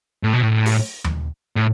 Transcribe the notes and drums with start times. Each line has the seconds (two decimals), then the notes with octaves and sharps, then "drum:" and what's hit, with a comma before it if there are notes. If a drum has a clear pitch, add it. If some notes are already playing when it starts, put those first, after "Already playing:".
0.23 A2
0.33 B2
0.42 A2
0.66 drum: open hi-hat
1.04 drum: tom D#2
1.56 A2